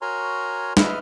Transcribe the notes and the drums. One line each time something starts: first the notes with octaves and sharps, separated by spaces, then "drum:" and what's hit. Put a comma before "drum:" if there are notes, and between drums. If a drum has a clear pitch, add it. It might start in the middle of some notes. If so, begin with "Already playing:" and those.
F#4 A#4 C#5 G#5 A#5 C6
B4 D#5 E5 F6, drum: snare